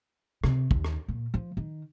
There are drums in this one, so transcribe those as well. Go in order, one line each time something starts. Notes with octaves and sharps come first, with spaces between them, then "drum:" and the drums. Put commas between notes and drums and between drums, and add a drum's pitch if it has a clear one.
C3, drum: rim click
D#2, drum: kick
drum: rim click
A#2
F3
D#3